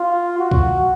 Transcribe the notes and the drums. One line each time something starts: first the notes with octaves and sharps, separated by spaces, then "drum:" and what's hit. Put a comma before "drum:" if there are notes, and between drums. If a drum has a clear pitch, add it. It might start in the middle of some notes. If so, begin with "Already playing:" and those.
Already playing: F4
F#4
drum: kick